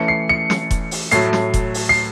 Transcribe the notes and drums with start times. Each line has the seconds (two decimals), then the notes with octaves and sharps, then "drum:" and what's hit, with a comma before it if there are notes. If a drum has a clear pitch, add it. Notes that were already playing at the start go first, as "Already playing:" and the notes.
Already playing: E3 A3 C#4 C#7
0.08 C7
0.29 C#7
0.50 drum: snare
0.71 drum: kick E1, hi-hat
0.91 drum: open hi-hat
1.11 A2 F#3 A3 C7, drum: hi-hat
1.33 drum: snare
1.54 drum: kick E1, hi-hat
1.74 drum: open hi-hat
1.89 C7